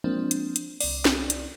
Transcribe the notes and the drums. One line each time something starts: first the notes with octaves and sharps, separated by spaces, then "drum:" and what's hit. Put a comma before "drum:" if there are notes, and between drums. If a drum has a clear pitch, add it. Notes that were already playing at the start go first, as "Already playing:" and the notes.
F3 G#3 A#3 C4 D4
drum: hi-hat
drum: hi-hat
C2 D5, drum: open hi-hat
drum: snare
drum: hi-hat